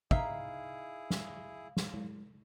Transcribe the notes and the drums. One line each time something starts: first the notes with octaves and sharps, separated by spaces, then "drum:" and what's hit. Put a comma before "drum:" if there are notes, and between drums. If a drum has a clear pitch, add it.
D#4 E4 G#4 E5 F5, drum: kick
drum: snare
drum: snare
drum: tom G#3